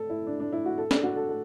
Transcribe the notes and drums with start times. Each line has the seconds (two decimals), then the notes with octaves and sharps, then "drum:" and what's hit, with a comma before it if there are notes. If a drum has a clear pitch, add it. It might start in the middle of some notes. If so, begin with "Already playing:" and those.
Already playing: A4
0.10 E4
0.27 D4
0.40 D4
0.52 E4
0.65 F#4
0.78 A4
0.91 D4, drum: snare
1.03 F#4
1.16 A4
1.29 A4